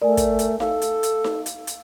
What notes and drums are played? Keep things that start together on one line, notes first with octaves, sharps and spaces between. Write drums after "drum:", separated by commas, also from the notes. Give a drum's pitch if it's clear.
A3 A#4 D5 G#5
drum: kick, hi-hat
drum: hi-hat
A4 F5, drum: snare D#4
drum: hi-hat
drum: hi-hat
drum: snare D#4
drum: hi-hat
drum: hi-hat